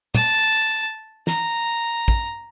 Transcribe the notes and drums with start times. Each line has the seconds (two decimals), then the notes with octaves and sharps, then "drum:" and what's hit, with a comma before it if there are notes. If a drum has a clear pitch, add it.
0.15 A5, drum: tom
1.27 A#5, drum: snare
2.08 drum: kick